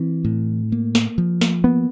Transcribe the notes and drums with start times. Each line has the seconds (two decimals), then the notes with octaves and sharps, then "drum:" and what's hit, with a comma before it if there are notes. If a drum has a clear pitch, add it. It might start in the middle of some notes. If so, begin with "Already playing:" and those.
Already playing: E3 C4
0.25 A2
0.72 A#3
0.95 drum: snare
1.18 F3
1.41 drum: snare
1.64 A#3 B3